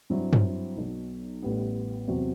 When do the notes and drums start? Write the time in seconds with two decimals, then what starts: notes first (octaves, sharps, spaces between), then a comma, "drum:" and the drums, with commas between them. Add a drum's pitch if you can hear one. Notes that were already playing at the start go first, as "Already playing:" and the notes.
0.10 G2 F#3 C4 E4
0.33 drum: tom
0.77 B1 B2 F#3
1.42 A1 A2 G3 B3
2.08 E2 C3 F#3 C4 F#4